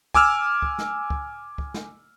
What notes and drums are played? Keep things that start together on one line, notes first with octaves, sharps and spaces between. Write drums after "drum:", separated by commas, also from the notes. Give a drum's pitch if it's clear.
G#5 D6 E6 F6, drum: kick
drum: kick
drum: snare
drum: kick
drum: kick
drum: snare